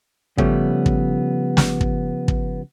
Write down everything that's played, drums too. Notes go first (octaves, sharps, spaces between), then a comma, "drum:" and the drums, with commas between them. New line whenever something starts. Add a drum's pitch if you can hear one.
C#3 F3 G3 A3 B3 C#4, drum: kick
drum: kick
drum: snare
drum: kick
drum: kick